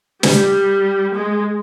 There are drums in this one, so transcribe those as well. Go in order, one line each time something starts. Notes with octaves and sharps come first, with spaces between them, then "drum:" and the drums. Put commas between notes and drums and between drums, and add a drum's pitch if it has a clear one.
G3, drum: snare
G#3